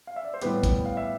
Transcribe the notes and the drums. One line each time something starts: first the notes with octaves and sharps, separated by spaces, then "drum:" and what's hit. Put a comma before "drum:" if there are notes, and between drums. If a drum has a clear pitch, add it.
F5
E5
D5
C5
A2 E3 G3 B3 G4 B4, drum: hi-hat
drum: kick B1, hi-hat
F5
E5